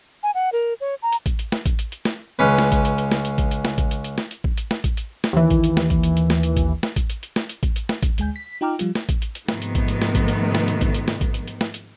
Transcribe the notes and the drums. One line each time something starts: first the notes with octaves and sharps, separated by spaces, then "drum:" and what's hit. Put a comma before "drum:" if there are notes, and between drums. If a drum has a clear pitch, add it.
G#5
F#5
A#4
C#5
A#5
drum: hi-hat
drum: kick A1, hi-hat
drum: hi-hat
drum: snare
drum: kick A1, hi-hat
drum: hi-hat
drum: hi-hat
drum: snare
C#2 C#4 B4
drum: snare
drum: kick A1, hi-hat
drum: hi-hat
drum: hi-hat
drum: snare
drum: hi-hat
drum: kick A1, hi-hat
drum: hi-hat
drum: snare
drum: kick A1, hi-hat
drum: hi-hat
drum: hi-hat
drum: snare
drum: hi-hat
drum: kick A1
drum: hi-hat
drum: snare
drum: kick A1, hi-hat
drum: hi-hat
drum: snare
D#2 E3
drum: kick A1, hi-hat
drum: hi-hat
drum: snare
drum: kick A1, hi-hat
drum: hi-hat
drum: hi-hat
drum: snare
drum: hi-hat
drum: kick A1, hi-hat
drum: snare
drum: kick A1, hi-hat
drum: hi-hat
drum: hi-hat
drum: snare
drum: hi-hat
drum: kick A1, hi-hat
drum: hi-hat
drum: snare
drum: kick A1, hi-hat
D2 G#3 G#5 G6, drum: hi-hat
B6
D#4 F4 G5 A#5 D6 F6
F3 G3 F4, drum: hi-hat
drum: snare
drum: kick A1, hi-hat
drum: hi-hat
drum: hi-hat
G#2 C3 D#3 F3 A3 B3, drum: snare
drum: hi-hat
drum: kick A1, hi-hat
drum: hi-hat
drum: snare
drum: kick A1, hi-hat
drum: hi-hat
drum: snare
drum: hi-hat
drum: kick A1, hi-hat
drum: hi-hat
drum: snare
drum: kick A1, hi-hat
drum: hi-hat
drum: hi-hat
drum: snare
drum: hi-hat